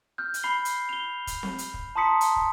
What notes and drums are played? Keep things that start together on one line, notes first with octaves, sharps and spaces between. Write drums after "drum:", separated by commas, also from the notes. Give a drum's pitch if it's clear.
F6 G6
drum: hi-hat
B5 C7 G7
drum: hi-hat
F7 G7
drum: kick, hi-hat
drum: snare C4
drum: hi-hat
drum: kick
A5 A#5 C6 D#6 B6 C#7
drum: hi-hat
drum: kick